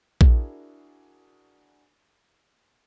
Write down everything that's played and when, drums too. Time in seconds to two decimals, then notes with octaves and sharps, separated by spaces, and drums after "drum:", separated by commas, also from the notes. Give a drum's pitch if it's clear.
0.21 D4 E4 F#4 G#4 A#4, drum: kick A#1